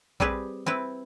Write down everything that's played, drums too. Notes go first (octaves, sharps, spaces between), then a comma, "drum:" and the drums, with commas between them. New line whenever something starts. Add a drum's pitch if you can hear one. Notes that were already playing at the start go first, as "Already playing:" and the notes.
G3 C4 G4 G#4 B4, drum: kick A#1
C4 E4 B4